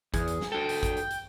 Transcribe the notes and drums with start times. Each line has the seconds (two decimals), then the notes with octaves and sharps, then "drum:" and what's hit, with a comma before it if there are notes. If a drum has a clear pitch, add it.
0.14 E2 G#4, drum: kick G#1, hi-hat
0.27 drum: hi-hat
0.41 drum: snare
0.52 F#4 A4 G5
0.69 drum: open hi-hat
0.83 drum: kick G#1, hi-hat
0.97 drum: hi-hat
1.10 drum: hi-hat